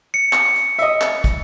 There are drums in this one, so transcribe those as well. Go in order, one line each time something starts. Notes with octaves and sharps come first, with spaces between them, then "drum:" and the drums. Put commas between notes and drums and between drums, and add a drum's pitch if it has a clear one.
C#7
drum: clap
drum: hi-hat
D#5 E5, drum: hi-hat
drum: clap
drum: kick, hi-hat